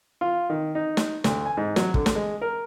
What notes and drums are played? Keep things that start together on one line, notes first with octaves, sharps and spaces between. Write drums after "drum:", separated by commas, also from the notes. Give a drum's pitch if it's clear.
F4
D#3
D#4
drum: snare
D2, drum: snare
G#5
G#2
F#3, drum: snare
D3, drum: kick
drum: snare
G#3
A#4